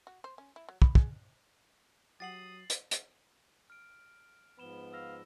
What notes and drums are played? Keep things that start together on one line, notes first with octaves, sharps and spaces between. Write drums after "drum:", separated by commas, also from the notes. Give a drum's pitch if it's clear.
F#4
C5
C#4
E4
F#3
B5, drum: kick
G#4, drum: kick
F#3 G4 F#5 D#6 A6 C7 F#7
drum: hi-hat
drum: hi-hat
F6 D7
G#2 F3 B3 B5 E7 G7
F5 E6 A#6